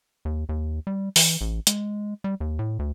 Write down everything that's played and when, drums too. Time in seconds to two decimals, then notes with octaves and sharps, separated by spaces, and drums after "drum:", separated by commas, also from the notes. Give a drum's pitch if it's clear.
0.25 D#2
0.49 D#2
0.87 G3
1.16 E3, drum: open hi-hat
1.41 A1
1.67 G#3, drum: hi-hat
2.24 G3
2.40 D#2
2.59 A2
2.79 D2